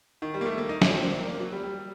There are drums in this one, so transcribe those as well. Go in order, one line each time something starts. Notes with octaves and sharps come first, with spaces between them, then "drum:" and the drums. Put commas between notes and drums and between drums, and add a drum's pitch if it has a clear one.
D#3
G3
A#3
A3
A#3
D#4
D4, drum: snare
C4
D4
A#3
A#3
F#3
G3
G3